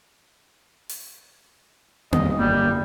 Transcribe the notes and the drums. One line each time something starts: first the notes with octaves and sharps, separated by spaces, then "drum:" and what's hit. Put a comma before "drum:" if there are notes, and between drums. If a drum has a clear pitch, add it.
drum: open hi-hat
F2 D#3 G3 D#5, drum: tom A#3
G1 G3 A#3